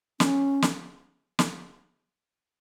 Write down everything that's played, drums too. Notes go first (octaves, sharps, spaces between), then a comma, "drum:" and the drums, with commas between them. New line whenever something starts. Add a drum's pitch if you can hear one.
C#4, drum: snare
drum: snare
drum: snare